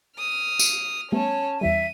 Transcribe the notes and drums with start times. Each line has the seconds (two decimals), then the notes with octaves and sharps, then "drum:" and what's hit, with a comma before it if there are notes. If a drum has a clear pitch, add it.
0.19 D#6 F6
0.59 drum: tambourine
1.12 G3 A3 B3 C#4 C#5 A5
1.61 E2 E3 G3 E5 D#7